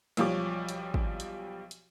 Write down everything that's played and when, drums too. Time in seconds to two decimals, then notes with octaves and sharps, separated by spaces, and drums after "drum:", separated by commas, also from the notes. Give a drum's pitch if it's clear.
0.17 B1 F3 G3 C#5 D6, drum: hi-hat
0.69 drum: hi-hat
0.94 drum: kick
1.20 drum: hi-hat
1.71 drum: hi-hat